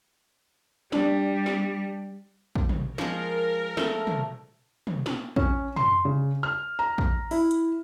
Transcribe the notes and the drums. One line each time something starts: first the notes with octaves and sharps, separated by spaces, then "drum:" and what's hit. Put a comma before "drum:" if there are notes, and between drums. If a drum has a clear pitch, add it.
G3 D4, drum: snare
drum: snare
drum: kick
drum: tom
F3 G#3 A#4, drum: snare
A3, drum: snare
drum: tom
drum: tom
drum: snare
C#4, drum: kick
C6, drum: tom
C#3
F6
A#5
drum: kick
E4, drum: open hi-hat
drum: hi-hat